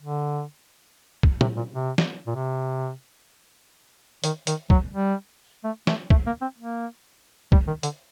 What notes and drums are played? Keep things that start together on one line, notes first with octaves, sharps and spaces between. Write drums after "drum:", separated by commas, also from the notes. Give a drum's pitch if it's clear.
D3
drum: kick
C3, drum: tom A#2
A#2
C3
drum: snare
A#2
C3
D#3, drum: hi-hat
D#3, drum: hi-hat
F#3, drum: kick
G3
A3
A3, drum: snare
A3, drum: kick
A#3
C4
A#3
G3, drum: kick
D#3
D3, drum: hi-hat